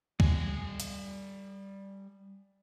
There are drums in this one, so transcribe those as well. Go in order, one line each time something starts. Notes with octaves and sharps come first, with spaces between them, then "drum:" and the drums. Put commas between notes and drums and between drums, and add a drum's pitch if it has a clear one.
G3 G#5, drum: kick C#2
drum: hi-hat